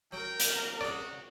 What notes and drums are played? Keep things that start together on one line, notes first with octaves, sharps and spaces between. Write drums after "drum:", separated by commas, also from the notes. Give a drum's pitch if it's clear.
F#3 A#4 G5
drum: hi-hat
C#4 F#4 G#4 D5